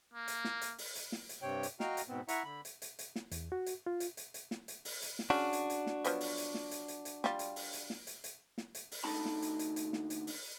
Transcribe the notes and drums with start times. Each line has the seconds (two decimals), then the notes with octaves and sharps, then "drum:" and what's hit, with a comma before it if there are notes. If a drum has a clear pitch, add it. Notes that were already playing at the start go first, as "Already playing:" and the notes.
0.14 A#3
0.28 drum: hi-hat
0.45 drum: snare
0.61 drum: hi-hat
0.78 drum: open hi-hat
0.95 drum: hi-hat
1.12 drum: snare
1.29 drum: hi-hat
1.42 G2 C3 C#5 G5
1.63 drum: hi-hat
1.80 F#4 D#5 F5 G5 A#5 F6, drum: snare
1.97 drum: hi-hat
2.08 G#2 B2 B3 C4
2.28 E4 E5 F#5 A#5 C#6, drum: hi-hat
2.44 D3 B5
2.65 drum: hi-hat
2.82 drum: hi-hat
2.99 drum: hi-hat
3.16 drum: snare
3.31 E2, drum: hi-hat
3.52 F#4
3.66 drum: hi-hat
3.86 F4
4.00 drum: hi-hat
4.17 drum: hi-hat
4.34 drum: hi-hat
4.51 drum: snare
4.68 drum: hi-hat
4.85 drum: open hi-hat
5.02 drum: hi-hat
5.19 drum: snare
5.30 C#3 D4 F#4
5.53 drum: hi-hat
5.70 drum: hi-hat
5.87 drum: snare
6.04 F3 F#3 B3, drum: hi-hat
6.20 drum: open hi-hat
6.37 drum: hi-hat
6.54 drum: snare
6.71 drum: hi-hat
6.88 drum: hi-hat
7.05 drum: hi-hat
7.24 G3 F4, drum: snare
7.39 drum: hi-hat
7.56 drum: open hi-hat
7.73 drum: hi-hat
7.90 drum: snare
8.07 drum: hi-hat
8.24 drum: hi-hat
8.58 drum: snare
8.75 drum: hi-hat
8.92 drum: open hi-hat
9.04 D2 D3 D#4 A5 B5
9.25 drum: snare
9.42 drum: hi-hat
9.59 drum: hi-hat
9.76 drum: hi-hat
9.93 drum: snare
10.10 drum: hi-hat
10.27 drum: open hi-hat